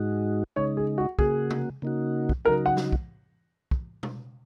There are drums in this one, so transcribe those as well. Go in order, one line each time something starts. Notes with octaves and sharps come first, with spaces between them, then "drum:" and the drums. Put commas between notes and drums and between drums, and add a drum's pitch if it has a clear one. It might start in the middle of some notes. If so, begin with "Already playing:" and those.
Already playing: G#2 G#3 D#4 F#4
C#3 G#3 D#4 C#5
G#4
F#4
C#3 A#3 F#4 G#4, drum: kick
drum: tom C3
C#3 A#3 D#4 F#4
drum: kick
C#3 F#3 D#4 F#4 A#4
F#5
drum: snare
drum: kick
drum: kick
drum: tom B2